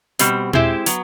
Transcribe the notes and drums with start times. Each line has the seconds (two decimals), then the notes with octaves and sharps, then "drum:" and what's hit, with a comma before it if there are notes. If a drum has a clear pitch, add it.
0.19 B2 G3 C4, drum: hi-hat
0.53 G#3 C4 E4 G4, drum: tom A#2
0.86 F#3 B3, drum: hi-hat